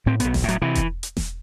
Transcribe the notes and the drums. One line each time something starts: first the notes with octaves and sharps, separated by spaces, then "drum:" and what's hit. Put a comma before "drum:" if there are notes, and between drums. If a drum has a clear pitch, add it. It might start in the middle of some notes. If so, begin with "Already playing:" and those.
A2 C4
B1 B3, drum: hi-hat
drum: snare E1
A2
F#3, drum: hi-hat
C3 E3
drum: kick E1, hi-hat
drum: hi-hat
drum: snare E1